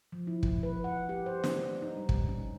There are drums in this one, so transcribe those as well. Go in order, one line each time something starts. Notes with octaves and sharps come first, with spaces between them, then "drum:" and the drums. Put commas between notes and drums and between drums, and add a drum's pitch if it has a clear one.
F3
E4
drum: kick
B4
F#5
G4
C5
D4, drum: snare
D#4
G3
drum: kick
C#4